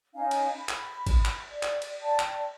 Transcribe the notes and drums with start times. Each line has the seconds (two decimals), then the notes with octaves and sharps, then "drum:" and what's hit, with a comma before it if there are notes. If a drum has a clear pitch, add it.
0.14 C#4 D#4 F5 G#5
0.31 drum: cymbal
0.54 B5
0.69 drum: clap
1.07 drum: kick, cymbal
1.25 drum: clap
1.49 D5
1.63 drum: clap
1.82 drum: cymbal
2.01 D5 G5 A5
2.19 drum: clap